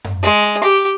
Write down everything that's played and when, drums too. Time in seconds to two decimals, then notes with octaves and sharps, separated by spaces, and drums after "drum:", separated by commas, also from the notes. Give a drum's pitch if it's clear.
0.04 drum: tom F#2
0.23 G#3
0.64 G4